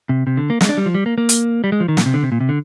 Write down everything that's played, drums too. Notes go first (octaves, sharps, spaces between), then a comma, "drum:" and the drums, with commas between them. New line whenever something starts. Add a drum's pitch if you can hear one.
C3
C3
D3
A#3
G#3, drum: snare
D4
G3
F3
G3
A#3
A#3
drum: hi-hat
G3
G#3
F3
D#3
A#2, drum: snare
C3
D3
C3
A#2
C3
D3